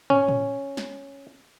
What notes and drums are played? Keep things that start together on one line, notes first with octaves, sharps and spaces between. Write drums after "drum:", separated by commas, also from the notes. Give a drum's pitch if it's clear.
C#4, drum: tom
drum: tom A2
drum: snare